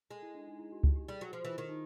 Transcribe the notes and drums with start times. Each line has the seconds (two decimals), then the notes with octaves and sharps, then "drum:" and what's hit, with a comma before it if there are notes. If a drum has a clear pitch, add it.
0.11 G#3
0.22 E4
0.35 D4
0.48 D#4
0.59 E4
0.72 F#4
0.84 G4, drum: kick C#2
0.96 G4
1.08 G3 G#4
1.21 F#3 F#4
1.33 F3
1.41 E3 F4
1.57 D#3 E4
1.69 D#4